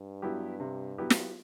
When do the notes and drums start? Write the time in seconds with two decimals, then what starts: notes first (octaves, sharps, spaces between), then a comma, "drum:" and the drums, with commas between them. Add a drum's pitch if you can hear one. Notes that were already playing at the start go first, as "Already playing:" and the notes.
Already playing: G2
0.22 F#3 B3 E4 G4
0.60 C3
0.98 F#3 B3 E4 G4
1.10 drum: snare